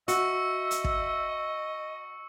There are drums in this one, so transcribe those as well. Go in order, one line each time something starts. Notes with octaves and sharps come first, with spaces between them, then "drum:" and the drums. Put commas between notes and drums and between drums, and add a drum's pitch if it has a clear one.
F#4 D#5 E5 C#6 E6 C#7, drum: hi-hat
drum: hi-hat
drum: kick